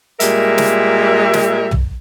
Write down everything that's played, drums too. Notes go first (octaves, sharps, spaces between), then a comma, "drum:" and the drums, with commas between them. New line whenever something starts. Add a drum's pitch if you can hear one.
A#2 G3 G#3 A#4 E5, drum: hi-hat
drum: snare
drum: snare
drum: tom